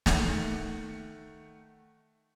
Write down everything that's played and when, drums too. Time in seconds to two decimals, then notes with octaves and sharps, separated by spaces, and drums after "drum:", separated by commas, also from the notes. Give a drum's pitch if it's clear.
0.06 D#3 A3 F#5, drum: snare